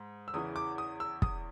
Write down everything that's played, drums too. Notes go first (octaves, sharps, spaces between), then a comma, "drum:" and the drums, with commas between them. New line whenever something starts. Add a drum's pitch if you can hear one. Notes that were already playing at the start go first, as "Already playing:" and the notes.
Already playing: G#2
E6
E2 C#3 E3 D#6
D6
D#6
E6
D#6, drum: kick